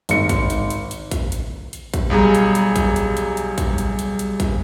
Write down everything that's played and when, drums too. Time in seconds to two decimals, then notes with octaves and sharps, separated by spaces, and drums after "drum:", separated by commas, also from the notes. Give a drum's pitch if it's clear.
0.09 G#1 C#7, drum: hi-hat
0.29 drum: kick, hi-hat
0.50 drum: hi-hat
0.70 drum: hi-hat
0.91 drum: hi-hat
1.11 drum: kick, hi-hat
1.32 drum: hi-hat
1.73 drum: hi-hat
1.94 drum: kick, hi-hat
2.10 B1 G3 G#4 A#5
2.35 drum: hi-hat
2.55 drum: hi-hat
2.76 drum: kick, hi-hat
2.96 drum: hi-hat
3.17 drum: hi-hat
3.37 drum: hi-hat
3.58 drum: kick, hi-hat
3.78 drum: hi-hat
3.99 drum: hi-hat
4.19 drum: hi-hat
4.40 drum: kick, hi-hat